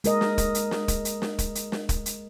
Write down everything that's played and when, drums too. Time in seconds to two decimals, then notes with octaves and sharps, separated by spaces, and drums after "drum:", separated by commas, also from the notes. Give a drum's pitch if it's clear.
0.04 G#3 A#4 D#5, drum: hi-hat
0.21 drum: snare
0.38 drum: kick, hi-hat
0.55 drum: hi-hat
0.71 drum: snare
0.88 drum: kick, hi-hat
1.05 drum: hi-hat
1.22 drum: snare
1.39 drum: kick, hi-hat
1.55 drum: hi-hat
1.72 drum: snare
1.89 drum: kick, hi-hat
2.06 drum: hi-hat